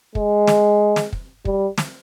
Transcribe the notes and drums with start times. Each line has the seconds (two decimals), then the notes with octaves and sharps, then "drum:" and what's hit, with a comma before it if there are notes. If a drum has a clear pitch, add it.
0.15 G#3, drum: kick
0.47 drum: snare
0.96 drum: snare
1.13 drum: kick
1.45 G3, drum: kick
1.78 drum: snare